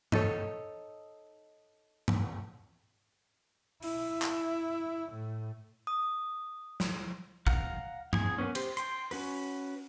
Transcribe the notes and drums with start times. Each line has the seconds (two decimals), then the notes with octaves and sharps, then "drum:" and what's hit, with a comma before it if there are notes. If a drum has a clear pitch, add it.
0.12 D#4 A4 C#5, drum: tom
2.08 drum: tom
3.82 E4, drum: open hi-hat
4.22 drum: clap
5.12 A2
5.87 D#6
6.80 drum: snare
7.47 F5 F#5 A#5 F6, drum: kick
8.13 G#4 G#5, drum: tom
8.38 A#3 B3 C#4
8.55 G4 C5, drum: cymbal
8.77 G5 C6, drum: hi-hat
9.11 C#4 F#4 B4, drum: open hi-hat